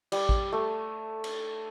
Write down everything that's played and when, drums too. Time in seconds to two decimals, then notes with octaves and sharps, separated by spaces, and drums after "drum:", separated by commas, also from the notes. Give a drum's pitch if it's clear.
0.12 G3, drum: cymbal
0.29 drum: kick A1
0.52 A3
1.24 drum: cymbal